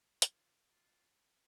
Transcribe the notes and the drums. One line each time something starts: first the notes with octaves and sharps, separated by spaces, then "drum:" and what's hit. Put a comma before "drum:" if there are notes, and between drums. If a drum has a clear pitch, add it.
F4, drum: hi-hat
F4